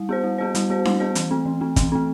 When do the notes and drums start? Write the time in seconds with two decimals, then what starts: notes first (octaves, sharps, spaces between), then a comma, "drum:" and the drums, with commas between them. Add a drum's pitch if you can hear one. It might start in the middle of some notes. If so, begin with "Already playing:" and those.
Already playing: G3
0.09 B3 F#4 C5
0.24 G3
0.38 B3 F#4 C5
0.55 G3, drum: hi-hat
0.70 B3 F#4 C5
0.85 G3, drum: snare D4
1.00 B3 F#4 C5
1.15 E3, drum: hi-hat
1.31 A3 C4
1.46 E3
1.61 A3 C4
1.76 E3, drum: kick, hi-hat
1.92 A3 C4